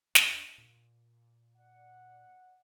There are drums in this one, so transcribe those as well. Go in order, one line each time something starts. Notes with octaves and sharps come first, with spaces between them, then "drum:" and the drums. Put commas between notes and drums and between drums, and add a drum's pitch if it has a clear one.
E2 D4, drum: snare
A#2
D5 F#5